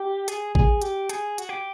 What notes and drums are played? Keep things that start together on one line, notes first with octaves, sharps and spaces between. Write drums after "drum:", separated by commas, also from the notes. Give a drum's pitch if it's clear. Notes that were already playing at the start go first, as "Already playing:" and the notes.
Already playing: G4
G#4, drum: hi-hat
G#4, drum: kick A1
G4, drum: hi-hat
G#4, drum: hi-hat
F#4, drum: hi-hat
G4